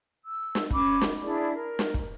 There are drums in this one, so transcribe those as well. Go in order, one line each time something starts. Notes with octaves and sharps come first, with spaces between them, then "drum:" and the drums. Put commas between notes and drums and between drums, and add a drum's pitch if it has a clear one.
E6
drum: snare
C#4 B5 D6, drum: kick
drum: snare
D4 E4 G#4 D5
A#4
drum: snare
drum: kick